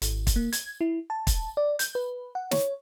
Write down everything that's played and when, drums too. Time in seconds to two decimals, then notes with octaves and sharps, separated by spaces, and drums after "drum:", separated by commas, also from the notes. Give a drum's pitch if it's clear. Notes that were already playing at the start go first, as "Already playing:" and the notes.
0.02 G#1, drum: hi-hat
0.27 drum: kick, hi-hat
0.36 A#3
0.52 G#6, drum: hi-hat
0.81 E4
1.10 A5
1.27 drum: kick, hi-hat
1.57 D5
1.79 G6, drum: hi-hat
1.95 B4
2.35 F#5
2.51 C#5, drum: snare